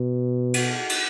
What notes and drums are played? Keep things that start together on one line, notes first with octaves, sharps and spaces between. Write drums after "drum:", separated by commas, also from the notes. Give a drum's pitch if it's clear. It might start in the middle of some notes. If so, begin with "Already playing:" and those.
Already playing: B2
drum: cymbal
drum: cymbal